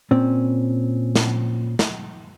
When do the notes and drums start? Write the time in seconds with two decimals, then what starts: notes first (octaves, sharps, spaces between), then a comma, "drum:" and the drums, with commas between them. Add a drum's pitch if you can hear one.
0.11 A#2 C4 C#4
1.15 drum: snare
1.79 drum: snare